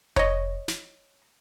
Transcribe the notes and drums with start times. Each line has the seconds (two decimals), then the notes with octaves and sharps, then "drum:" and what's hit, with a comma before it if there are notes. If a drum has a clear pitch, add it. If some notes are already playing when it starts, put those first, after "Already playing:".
0.16 C#5 D#5, drum: kick F1
0.68 drum: snare